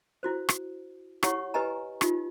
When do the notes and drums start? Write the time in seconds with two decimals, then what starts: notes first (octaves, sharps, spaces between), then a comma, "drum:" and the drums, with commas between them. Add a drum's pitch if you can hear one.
0.23 E4 F#4 C5
0.49 drum: rim click
1.23 E4 G4 C#5 F#5 C#6, drum: rim click
1.54 G4 B4 D#5 G#5 A#5
2.01 D#4 F4 G4, drum: rim click